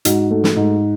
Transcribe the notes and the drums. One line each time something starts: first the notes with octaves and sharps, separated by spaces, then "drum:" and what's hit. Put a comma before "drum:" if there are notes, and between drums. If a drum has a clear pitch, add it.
G#2 F#4, drum: hi-hat
A3
drum: snare
G#2